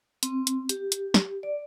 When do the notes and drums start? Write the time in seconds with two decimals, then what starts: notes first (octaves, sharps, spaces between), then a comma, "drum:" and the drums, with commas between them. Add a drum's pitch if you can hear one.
0.23 C4, drum: hi-hat
0.47 drum: hi-hat
0.69 G4, drum: hi-hat
0.92 drum: hi-hat
1.14 drum: snare
1.43 D5